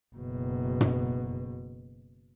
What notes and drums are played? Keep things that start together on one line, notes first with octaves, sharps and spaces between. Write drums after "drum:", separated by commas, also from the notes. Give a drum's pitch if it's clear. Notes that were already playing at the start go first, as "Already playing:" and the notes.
F#1 B2
drum: tom